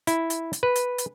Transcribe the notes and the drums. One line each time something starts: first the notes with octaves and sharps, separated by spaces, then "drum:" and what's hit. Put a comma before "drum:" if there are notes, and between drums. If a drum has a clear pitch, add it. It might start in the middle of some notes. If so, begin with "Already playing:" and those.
E4, drum: hi-hat
drum: hi-hat
drum: hi-hat
B4
drum: hi-hat
drum: hi-hat